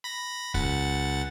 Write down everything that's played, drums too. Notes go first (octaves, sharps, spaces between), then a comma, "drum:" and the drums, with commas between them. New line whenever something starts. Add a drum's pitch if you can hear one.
B5 A#6
C#2 F#5 A6, drum: kick